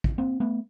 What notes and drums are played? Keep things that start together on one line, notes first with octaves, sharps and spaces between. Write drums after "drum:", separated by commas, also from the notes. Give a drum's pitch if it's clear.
drum: kick
A#3 C4
A3 B3